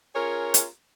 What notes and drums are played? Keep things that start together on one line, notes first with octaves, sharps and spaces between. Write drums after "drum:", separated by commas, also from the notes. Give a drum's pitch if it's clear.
C#4 F4 G#4 A#4 C#5
drum: hi-hat